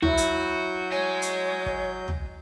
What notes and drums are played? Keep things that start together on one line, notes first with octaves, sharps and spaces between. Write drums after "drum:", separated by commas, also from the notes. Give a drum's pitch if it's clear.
F#3 E4 F#4 G6, drum: tom
drum: hi-hat
C#5 D#5 G#5
drum: hi-hat
drum: kick
drum: tom